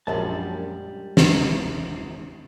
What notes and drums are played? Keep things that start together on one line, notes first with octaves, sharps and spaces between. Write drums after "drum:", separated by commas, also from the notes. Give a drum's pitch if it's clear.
A#1 F#2 G3 G#3 A5
C#2, drum: snare